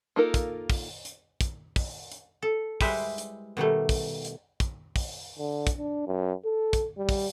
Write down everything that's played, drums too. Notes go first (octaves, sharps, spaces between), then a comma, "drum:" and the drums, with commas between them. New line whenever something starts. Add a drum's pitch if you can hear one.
A#3 D#4 F4 A4 A#4
drum: kick, hi-hat
drum: kick, open hi-hat
drum: hi-hat
drum: kick, hi-hat
drum: kick, open hi-hat
drum: hi-hat
A4
G3 G#3 E4 B4 C5 E5, drum: kick, open hi-hat
drum: hi-hat
B2 D#3 G3 A3
drum: kick, open hi-hat
drum: hi-hat
drum: kick, hi-hat
drum: kick, open hi-hat
D3
drum: kick, hi-hat
D4
F#2
A4
drum: kick, hi-hat
G3
drum: kick, open hi-hat